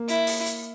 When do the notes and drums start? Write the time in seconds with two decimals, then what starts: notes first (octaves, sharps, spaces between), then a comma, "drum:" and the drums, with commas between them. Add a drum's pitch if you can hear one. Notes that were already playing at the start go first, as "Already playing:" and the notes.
Already playing: A#3
0.08 E4, drum: hi-hat
0.27 drum: open hi-hat
0.46 drum: hi-hat